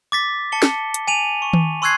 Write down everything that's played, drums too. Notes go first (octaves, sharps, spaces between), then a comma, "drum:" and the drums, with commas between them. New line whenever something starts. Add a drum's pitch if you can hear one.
D6 A6 B6
A5 C#7 G7
drum: snare
drum: hi-hat
G#5 D#7 F7 F#7
C#6
drum: tom D#3
C6 C#6 E6 F#6 G#6 C7